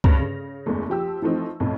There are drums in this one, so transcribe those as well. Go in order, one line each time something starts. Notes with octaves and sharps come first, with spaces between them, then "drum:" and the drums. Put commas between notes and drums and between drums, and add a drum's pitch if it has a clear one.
D2 G2 C#4 B4 A#6 F7, drum: kick C#2
C#3
F#1 E2 G#3 A3
F3 G4 E6
E3 F3 A3 C4 D#4
B1 F2 A2